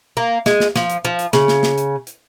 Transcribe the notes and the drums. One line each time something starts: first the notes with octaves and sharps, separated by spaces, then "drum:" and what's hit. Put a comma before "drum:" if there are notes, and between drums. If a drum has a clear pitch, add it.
A#3
G#3, drum: snare
drum: snare
F3, drum: snare
drum: hi-hat
F3
drum: hi-hat
C#3, drum: snare
drum: snare
drum: snare
drum: hi-hat
drum: hi-hat